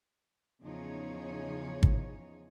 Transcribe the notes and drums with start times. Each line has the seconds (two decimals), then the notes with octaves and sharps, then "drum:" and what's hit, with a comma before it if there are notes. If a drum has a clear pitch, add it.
0.63 E2 C#3 F3 D#4 G#4 C#5
1.83 drum: kick